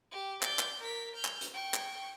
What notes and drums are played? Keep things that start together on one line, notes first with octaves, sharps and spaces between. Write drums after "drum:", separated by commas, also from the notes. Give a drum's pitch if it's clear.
G4
D5 G6, drum: clap
drum: clap
A#4 B6
F6 G6
drum: clap
drum: hi-hat
G5 C#6
drum: clap